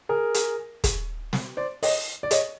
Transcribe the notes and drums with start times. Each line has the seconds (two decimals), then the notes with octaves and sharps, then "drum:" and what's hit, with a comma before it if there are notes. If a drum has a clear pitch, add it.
0.09 G#4 A#4
0.34 drum: hi-hat
0.84 drum: kick, hi-hat
1.33 drum: snare
1.57 C5 D5
1.83 C#5 D#5, drum: open hi-hat
2.23 D5
2.31 C#5 D#5, drum: hi-hat